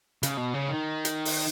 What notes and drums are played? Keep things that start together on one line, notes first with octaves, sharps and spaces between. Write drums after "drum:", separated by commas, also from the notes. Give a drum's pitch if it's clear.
C#3, drum: hi-hat
B2
C#3
D#3
drum: hi-hat
drum: open hi-hat